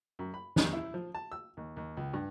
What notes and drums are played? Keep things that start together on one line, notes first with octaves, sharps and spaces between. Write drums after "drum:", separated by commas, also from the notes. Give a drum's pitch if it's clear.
F#2
B5
D#2, drum: snare
E4
F3
A5
E6
D#2
D#2
C#2
G2